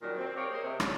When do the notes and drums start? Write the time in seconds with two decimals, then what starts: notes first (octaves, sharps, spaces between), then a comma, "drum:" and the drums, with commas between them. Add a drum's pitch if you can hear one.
0.02 A#2 D#3 F#3 G3 D4
0.17 C4
0.36 G4 G#4 A#4 C#5 F5
0.51 A#3 G#4 C5 D#5
0.63 C3
0.80 D3 C#4, drum: rim click